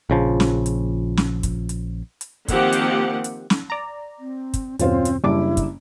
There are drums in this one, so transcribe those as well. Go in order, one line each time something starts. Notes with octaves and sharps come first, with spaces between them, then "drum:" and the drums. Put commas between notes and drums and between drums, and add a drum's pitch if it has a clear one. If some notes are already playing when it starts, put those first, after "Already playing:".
A#1 C#3 F3
drum: snare
drum: hi-hat
drum: snare
drum: kick, hi-hat
drum: hi-hat
drum: hi-hat
D#3 F3 A#3 C4 G4 F#5, drum: kick, hi-hat
drum: hi-hat
drum: hi-hat
drum: snare
D5 A#5
C4
drum: kick, hi-hat
E2 G2 B2 C4 C#4 F4 C5, drum: hi-hat
drum: hi-hat
F#1 G3 D4 E4 D6
drum: kick, hi-hat